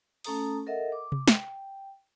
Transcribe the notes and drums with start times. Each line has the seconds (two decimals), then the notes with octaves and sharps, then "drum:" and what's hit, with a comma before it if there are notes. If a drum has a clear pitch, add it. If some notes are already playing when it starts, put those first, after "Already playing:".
0.24 A3 C#4 A4 A#5 D#6, drum: open hi-hat
0.66 A4 A#4 D#5 E5 F#5
0.92 D6
1.12 drum: tom C3
1.28 G5, drum: snare